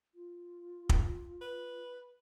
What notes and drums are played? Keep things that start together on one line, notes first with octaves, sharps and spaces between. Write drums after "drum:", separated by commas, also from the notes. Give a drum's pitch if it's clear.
F4
drum: kick
B4